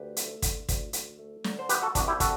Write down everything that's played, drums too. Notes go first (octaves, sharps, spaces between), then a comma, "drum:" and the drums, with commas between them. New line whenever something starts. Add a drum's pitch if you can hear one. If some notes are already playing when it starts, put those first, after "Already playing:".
Already playing: D2 G4 B4
A3, drum: hi-hat
D3, drum: kick, hi-hat
D2, drum: kick, hi-hat
D2, drum: hi-hat
A3
D3, drum: snare
C5
B3 G4 B4, drum: hi-hat
F#4 A4
C2 D4 F#4, drum: kick, hi-hat
E4 G4
G3 F#4 A4, drum: kick, hi-hat